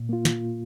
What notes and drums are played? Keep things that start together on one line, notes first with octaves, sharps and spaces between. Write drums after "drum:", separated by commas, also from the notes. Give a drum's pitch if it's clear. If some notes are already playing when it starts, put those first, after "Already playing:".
Already playing: A#2
A#3 F4
drum: snare